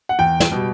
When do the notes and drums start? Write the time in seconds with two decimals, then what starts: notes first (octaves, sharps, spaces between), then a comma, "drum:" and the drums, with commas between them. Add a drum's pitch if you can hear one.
0.09 F#5
0.19 E2 G5
0.40 drum: snare
0.52 B2 G3